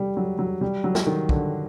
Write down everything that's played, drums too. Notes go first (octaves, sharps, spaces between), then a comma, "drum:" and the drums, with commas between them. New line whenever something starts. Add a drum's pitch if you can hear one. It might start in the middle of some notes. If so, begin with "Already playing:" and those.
Already playing: G3
F#3
F#3
G3
F#3
drum: snare
D#3
D3, drum: kick